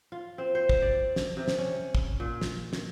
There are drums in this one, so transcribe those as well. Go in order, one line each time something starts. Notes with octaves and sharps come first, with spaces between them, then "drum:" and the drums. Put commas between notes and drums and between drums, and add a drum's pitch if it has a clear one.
F4
C4
C5
drum: kick
D5
drum: snare
C3
drum: snare
C#4
drum: kick
A#2
drum: snare
drum: snare